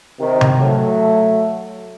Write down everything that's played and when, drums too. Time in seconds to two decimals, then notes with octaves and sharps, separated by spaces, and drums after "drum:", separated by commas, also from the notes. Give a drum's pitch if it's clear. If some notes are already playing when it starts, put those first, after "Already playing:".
0.20 C3 D#3
0.41 drum: tom C3
0.59 F#3 A3